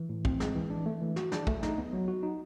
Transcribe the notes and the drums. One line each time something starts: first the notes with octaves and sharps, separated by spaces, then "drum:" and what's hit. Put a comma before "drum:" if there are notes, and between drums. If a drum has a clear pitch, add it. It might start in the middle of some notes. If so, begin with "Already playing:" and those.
Already playing: E3
A2
C4, drum: kick
G#3, drum: snare
E3
D4
A3
E3
F#4, drum: snare
D4, drum: snare
A3, drum: kick
D#4, drum: snare
B3
F#3
F#4
D#4